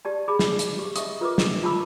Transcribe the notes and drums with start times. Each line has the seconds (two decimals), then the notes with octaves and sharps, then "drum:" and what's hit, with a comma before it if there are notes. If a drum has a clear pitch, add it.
0.05 G4 D5 A5
0.28 G#4 A5 B5 D6
0.39 drum: snare
0.59 drum: hi-hat
0.79 G4
0.96 D#5 E5 C#6 D#6, drum: hi-hat
1.21 F4 A#4 B4 C#6 D6
1.38 drum: snare
1.63 F4 A5 B5 C#6 D6 E6